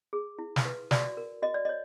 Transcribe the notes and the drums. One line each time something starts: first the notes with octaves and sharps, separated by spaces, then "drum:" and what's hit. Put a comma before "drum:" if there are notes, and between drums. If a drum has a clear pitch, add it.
G#4
E4
drum: snare
B4
F#4 D5, drum: snare
A#4
F#4 D#5
D5
C#5 D#5